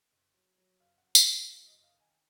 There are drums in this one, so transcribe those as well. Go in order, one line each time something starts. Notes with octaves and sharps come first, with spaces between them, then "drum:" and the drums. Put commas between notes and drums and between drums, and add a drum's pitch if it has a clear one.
F#1
F#3
F#3
F#1 F5
F#5
F#2
F5, drum: tambourine
F#2
F5
F#3 F5
D#5
F#1
D#5
F5
D#3
G#5